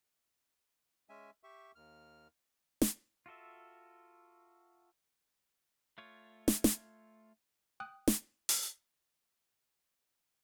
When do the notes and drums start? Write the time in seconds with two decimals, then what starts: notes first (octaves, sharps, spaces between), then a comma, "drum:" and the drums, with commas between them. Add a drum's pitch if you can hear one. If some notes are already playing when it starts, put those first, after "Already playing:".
1.09 G#3 C#4 E5 G#5
1.44 G4 E5 C#6
1.75 D#2 F6
2.82 drum: snare
3.26 F4 F#4 A4 E5
5.98 A3 F4 C#5
6.48 drum: snare
6.64 drum: snare
7.80 G5 D#6 F#6
8.08 drum: snare
8.49 drum: open hi-hat